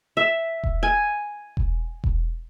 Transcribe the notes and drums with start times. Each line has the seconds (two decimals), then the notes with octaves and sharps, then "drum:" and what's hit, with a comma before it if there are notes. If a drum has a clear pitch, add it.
0.17 E5
0.64 drum: kick E1
0.83 G#5
1.57 drum: kick E1
2.04 drum: kick E1